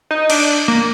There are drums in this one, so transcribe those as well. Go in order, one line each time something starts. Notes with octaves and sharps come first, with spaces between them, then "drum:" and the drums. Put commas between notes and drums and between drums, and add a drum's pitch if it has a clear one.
D#4
D4, drum: cymbal
A#3